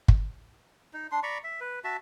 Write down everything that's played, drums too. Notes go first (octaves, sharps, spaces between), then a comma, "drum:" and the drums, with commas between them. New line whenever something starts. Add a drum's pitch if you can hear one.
drum: kick
D#4
D4 C6
D5 A#5 B5 C#6
E5
B4
F#4 E5 A5